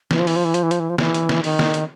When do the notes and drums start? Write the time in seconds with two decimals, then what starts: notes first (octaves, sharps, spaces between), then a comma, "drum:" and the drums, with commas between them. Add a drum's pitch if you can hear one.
0.11 E3, drum: snare
0.20 F3
0.27 E3, drum: open hi-hat
0.36 F3
0.45 E3
0.54 F3, drum: hi-hat
0.63 E3
0.71 F3, drum: hi-hat
0.80 E3
0.90 F3
0.98 E3, drum: snare
1.14 drum: hi-hat
1.29 drum: snare
1.44 D#3, drum: open hi-hat
1.59 drum: snare
1.74 drum: hi-hat